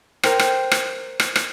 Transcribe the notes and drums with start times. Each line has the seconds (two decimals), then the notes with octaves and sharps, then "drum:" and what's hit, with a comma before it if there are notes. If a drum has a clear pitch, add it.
0.23 A#4 C5 G5, drum: rim click
0.39 drum: rim click
0.71 drum: rim click
1.20 drum: rim click
1.36 drum: rim click